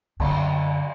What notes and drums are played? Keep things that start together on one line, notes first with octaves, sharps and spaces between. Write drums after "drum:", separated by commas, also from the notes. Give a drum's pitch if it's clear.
F#2 D3, drum: cymbal